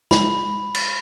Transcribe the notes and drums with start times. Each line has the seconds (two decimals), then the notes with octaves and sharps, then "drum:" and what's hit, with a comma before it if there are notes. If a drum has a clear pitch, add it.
0.11 B5, drum: snare
0.74 drum: cymbal